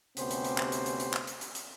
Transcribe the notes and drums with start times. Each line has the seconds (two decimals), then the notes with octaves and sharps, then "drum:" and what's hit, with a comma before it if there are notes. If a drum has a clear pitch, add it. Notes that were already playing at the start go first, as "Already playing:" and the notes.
0.17 D2 C3 B3 C#4 G4 C5, drum: hi-hat
0.31 drum: hi-hat
0.44 drum: hi-hat
0.58 drum: clap
0.72 drum: hi-hat
0.86 drum: hi-hat
1.00 drum: hi-hat
1.14 drum: clap
1.27 drum: hi-hat
1.41 drum: hi-hat
1.55 drum: hi-hat